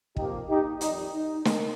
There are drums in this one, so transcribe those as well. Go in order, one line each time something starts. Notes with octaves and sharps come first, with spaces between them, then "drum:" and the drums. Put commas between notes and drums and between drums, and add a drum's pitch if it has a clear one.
F2 F3 A#3 D#4 G4, drum: kick
D#4 G4
F2 D#3 G3 D#4, drum: hi-hat
D#4
A#3, drum: snare